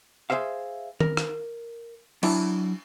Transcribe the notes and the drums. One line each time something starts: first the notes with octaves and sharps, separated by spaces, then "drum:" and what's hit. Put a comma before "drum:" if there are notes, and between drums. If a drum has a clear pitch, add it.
G#4 A4 C5 E5 F5
A#4, drum: tom D#3
drum: rim click
F#3 D4 E4, drum: cymbal